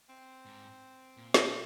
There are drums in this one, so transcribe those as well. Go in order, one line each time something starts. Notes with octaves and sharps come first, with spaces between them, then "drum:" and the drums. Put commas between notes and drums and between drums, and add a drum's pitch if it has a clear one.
C4
G#2
A#2
drum: snare